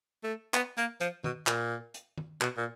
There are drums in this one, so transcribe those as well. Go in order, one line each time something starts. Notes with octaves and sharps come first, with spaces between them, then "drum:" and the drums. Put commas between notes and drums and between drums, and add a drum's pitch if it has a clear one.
A3
B3, drum: clap
A#3, drum: hi-hat
F3, drum: hi-hat
B2, drum: tom D#3
A#2, drum: clap
drum: hi-hat
drum: tom D#3
B2, drum: clap
A#2